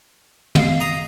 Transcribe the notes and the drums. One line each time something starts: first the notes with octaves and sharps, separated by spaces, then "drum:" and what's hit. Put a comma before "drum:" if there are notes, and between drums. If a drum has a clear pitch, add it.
D#5 F5 C7, drum: tom
A#5 D#6